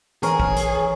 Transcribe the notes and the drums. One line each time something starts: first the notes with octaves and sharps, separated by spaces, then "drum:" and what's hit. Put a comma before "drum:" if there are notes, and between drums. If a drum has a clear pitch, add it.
E3 G#4 A#4 C#5, drum: hi-hat
drum: kick A#1
drum: hi-hat